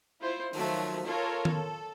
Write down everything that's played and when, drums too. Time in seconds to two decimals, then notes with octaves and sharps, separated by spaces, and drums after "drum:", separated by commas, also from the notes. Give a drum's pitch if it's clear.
0.21 E4 F4 C5
0.53 D#3 F3 F#3 A3, drum: open hi-hat
1.06 F4 A4 A#4 C#5
1.45 A4, drum: tom D#3